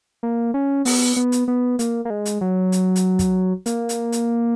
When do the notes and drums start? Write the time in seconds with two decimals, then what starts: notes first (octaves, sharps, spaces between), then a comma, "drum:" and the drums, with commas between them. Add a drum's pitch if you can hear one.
0.23 A#3
0.54 C#4
0.85 B3, drum: open hi-hat
1.16 B3
1.32 drum: hi-hat
1.48 B3
1.79 A#3, drum: hi-hat
2.05 A#3
2.10 G#3
2.25 drum: hi-hat
2.41 F#3
2.72 drum: hi-hat
2.96 drum: hi-hat
3.19 drum: kick, hi-hat
3.66 A#3, drum: hi-hat
3.89 drum: hi-hat
4.12 drum: hi-hat